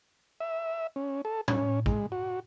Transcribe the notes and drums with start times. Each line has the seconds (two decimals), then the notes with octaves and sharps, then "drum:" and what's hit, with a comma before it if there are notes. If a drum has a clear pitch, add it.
0.41 E5
0.96 C#4
1.25 A4
1.48 C#4, drum: tom A2
1.86 G#3, drum: kick
2.12 F#4